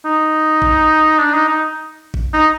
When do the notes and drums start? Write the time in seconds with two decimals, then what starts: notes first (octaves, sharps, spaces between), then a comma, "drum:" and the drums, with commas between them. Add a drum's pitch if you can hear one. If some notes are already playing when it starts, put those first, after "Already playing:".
0.05 D#4
0.62 drum: kick A1
1.19 D4
1.33 D#4
1.48 D#4
2.14 drum: kick A1
2.33 D#4